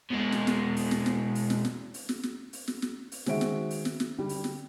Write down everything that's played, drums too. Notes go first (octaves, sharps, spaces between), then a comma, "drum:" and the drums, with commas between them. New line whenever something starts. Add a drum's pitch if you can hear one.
B2 G#3
drum: snare
drum: snare
drum: open hi-hat
drum: snare
drum: snare
drum: open hi-hat
drum: snare
drum: snare
drum: open hi-hat
drum: snare
drum: snare
drum: open hi-hat
drum: snare
drum: snare
drum: open hi-hat
D#3 G#3 F#4 C5 E5 D7, drum: snare
drum: snare
drum: open hi-hat
drum: snare
drum: snare
D3 G3
drum: open hi-hat
drum: snare